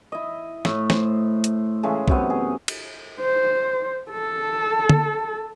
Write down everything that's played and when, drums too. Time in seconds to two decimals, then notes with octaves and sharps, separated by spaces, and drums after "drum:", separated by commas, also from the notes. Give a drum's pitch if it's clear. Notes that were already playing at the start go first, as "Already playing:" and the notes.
0.12 E4 D#5
0.65 A2, drum: snare
0.90 C5, drum: snare
1.44 drum: hi-hat
1.83 C#3 E3 G#3 A3
2.08 F#2 C3 B3, drum: kick B1
2.30 G#4
2.68 drum: cymbal
3.21 C5
4.11 A4
4.90 drum: tom D3